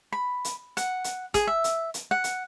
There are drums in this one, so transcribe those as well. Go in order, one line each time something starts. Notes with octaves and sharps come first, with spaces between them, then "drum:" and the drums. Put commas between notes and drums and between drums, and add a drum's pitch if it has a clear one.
B5
drum: hi-hat
F#5, drum: hi-hat
drum: hi-hat
G#4, drum: kick, hi-hat
E5
drum: hi-hat
drum: hi-hat
F#5
drum: hi-hat